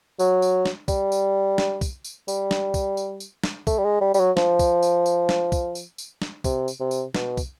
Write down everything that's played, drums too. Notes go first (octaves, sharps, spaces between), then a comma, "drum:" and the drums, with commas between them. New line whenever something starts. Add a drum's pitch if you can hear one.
F#3, drum: tambourine
drum: tambourine
drum: snare
G3, drum: kick, tambourine
drum: tambourine
drum: snare
drum: kick, tambourine
drum: tambourine
G3, drum: tambourine
drum: snare
drum: kick, tambourine
drum: tambourine
drum: tambourine
drum: snare
A3, drum: kick, tambourine
G3
G#3
G3
G3, drum: tambourine
F#3
F3, drum: snare
drum: kick, tambourine
drum: tambourine
drum: tambourine
drum: snare
drum: kick, tambourine
drum: tambourine
drum: tambourine
drum: snare
C3, drum: kick, tambourine
drum: tambourine
C3
drum: tambourine
B2, drum: snare
drum: kick, tambourine